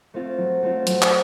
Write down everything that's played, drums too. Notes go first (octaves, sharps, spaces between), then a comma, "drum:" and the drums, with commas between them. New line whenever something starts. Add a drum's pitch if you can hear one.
A3 C4 F4
F#3
A3 C4 F4
F#3, drum: hi-hat
drum: clap